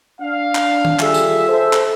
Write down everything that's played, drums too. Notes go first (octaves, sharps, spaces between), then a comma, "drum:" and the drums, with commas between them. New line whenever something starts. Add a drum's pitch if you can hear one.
D4 F5
drum: clap
drum: tom D#3
G3 F4 G#4 A4 E5, drum: clap
drum: tambourine
A4 C5 E5
drum: clap